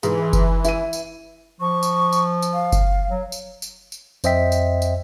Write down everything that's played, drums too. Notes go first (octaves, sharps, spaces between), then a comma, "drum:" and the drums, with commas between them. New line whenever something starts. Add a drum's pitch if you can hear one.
G#2 E3 B4, drum: tambourine
drum: kick F#1, tambourine
E4 D#7, drum: tambourine
drum: tambourine
F3 C#6
drum: tambourine
drum: tambourine
drum: tambourine
F5
drum: kick F#1, tambourine
F#3
drum: tambourine
drum: tambourine
drum: tambourine
F2 C5 D#5 E5 G5 B6, drum: tambourine
drum: tambourine
drum: tambourine